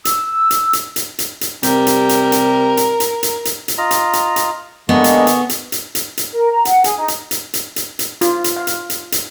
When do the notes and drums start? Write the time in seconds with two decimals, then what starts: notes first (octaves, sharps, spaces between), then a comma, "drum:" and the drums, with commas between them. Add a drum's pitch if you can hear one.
0.05 E6, drum: hi-hat
0.51 drum: hi-hat
0.73 drum: hi-hat
0.96 drum: hi-hat
1.19 drum: hi-hat
1.41 drum: hi-hat
1.63 C3 G3 A#4, drum: hi-hat
1.87 drum: hi-hat
2.09 drum: hi-hat
2.32 drum: hi-hat
2.77 drum: hi-hat
3.00 drum: hi-hat
3.23 drum: hi-hat
3.45 drum: hi-hat
3.68 drum: hi-hat
3.78 F4 D#5 A#5
3.91 drum: hi-hat
4.13 drum: hi-hat
4.36 drum: hi-hat
4.89 D3 G#3 A#3 B3 G#4 D#5 C#6
5.04 drum: hi-hat
5.27 drum: hi-hat
5.49 drum: hi-hat
5.72 drum: hi-hat
5.95 drum: hi-hat
6.17 drum: hi-hat
6.32 A#4
6.51 A#5
6.65 F#5, drum: hi-hat
6.84 G#4, drum: hi-hat
6.97 D#4
7.08 drum: hi-hat
7.31 drum: hi-hat
7.54 drum: hi-hat
7.76 drum: hi-hat
7.99 drum: hi-hat
8.21 F4, drum: hi-hat
8.44 drum: hi-hat
8.56 F5
8.67 drum: hi-hat
8.90 drum: hi-hat
9.12 drum: hi-hat